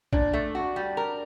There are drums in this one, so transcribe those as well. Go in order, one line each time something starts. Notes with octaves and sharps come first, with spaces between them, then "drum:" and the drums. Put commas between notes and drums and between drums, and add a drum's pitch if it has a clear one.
A#2 D4, drum: kick A#1
A3
F#4
G3
A#4